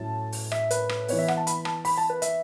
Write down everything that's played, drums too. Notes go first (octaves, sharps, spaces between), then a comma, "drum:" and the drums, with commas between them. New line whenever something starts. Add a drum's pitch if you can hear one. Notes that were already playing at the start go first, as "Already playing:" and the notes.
Already playing: A2 F#3 A3 C#4 A5
drum: open hi-hat
E5, drum: rim click
B4, drum: hi-hat
drum: rim click
E3 B3 C#5, drum: open hi-hat
E5
F#5, drum: rim click
A5
B5, drum: hi-hat
A5, drum: rim click
B5, drum: open hi-hat
A5
B4
E5, drum: hi-hat